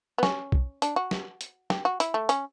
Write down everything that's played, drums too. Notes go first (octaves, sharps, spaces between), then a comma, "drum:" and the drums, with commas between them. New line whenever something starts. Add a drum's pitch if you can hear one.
B3
C#4, drum: snare
drum: kick B1
D4, drum: hi-hat
F#4
drum: snare
drum: hi-hat
G4, drum: snare
F#4
E4, drum: hi-hat
A3
C#4, drum: hi-hat